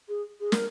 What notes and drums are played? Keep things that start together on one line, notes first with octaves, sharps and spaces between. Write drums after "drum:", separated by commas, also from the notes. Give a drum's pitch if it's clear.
G#4
G#4
A#4, drum: snare